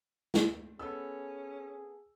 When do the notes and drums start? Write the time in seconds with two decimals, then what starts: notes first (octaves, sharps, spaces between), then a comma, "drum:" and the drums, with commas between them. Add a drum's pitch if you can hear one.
0.34 drum: snare
0.79 B3 C#4 G#4 A4 E6